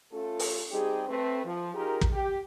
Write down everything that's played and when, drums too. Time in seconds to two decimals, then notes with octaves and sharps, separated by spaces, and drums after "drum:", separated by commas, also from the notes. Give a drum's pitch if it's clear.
0.13 A3 C#4 F4 A4
0.39 drum: open hi-hat
0.72 G3 C4 D#4 G4 G#4
1.09 A3 C4 B4
1.45 F3
1.75 D#4 F4 G4 G#4 A#4
2.01 drum: kick
2.13 G4